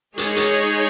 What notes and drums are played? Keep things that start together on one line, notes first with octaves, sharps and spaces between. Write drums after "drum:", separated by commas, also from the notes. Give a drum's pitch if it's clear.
G#3 D#4 G#4 C#5, drum: hi-hat
drum: hi-hat